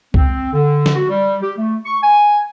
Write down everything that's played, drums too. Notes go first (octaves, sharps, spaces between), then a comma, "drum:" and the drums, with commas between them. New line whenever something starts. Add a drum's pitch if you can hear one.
C4, drum: kick
D3
drum: snare
F#4
G3
G4
A3
C#6
G#5